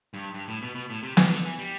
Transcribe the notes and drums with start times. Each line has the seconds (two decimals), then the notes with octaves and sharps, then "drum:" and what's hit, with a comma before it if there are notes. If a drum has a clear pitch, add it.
0.14 G2
0.34 G2
0.48 A2
0.62 B2
0.75 B2
0.90 A2
1.03 C3
1.17 D3, drum: snare
1.31 D3
1.45 E3
1.59 G3